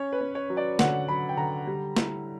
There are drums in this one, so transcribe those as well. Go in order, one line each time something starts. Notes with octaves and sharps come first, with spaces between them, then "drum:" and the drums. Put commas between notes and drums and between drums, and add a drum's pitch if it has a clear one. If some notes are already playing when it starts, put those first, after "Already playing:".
Already playing: C#4 C#5
B4
C#4
C#5
F#3
D5
D3 F#5, drum: snare
F#3 B5
G5
D3 A#5
G3
E4, drum: snare